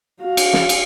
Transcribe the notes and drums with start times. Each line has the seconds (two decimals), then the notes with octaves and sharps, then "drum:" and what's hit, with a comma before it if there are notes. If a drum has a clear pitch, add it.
0.21 F#4 F5
0.37 drum: cymbal
0.53 drum: snare
0.69 drum: cymbal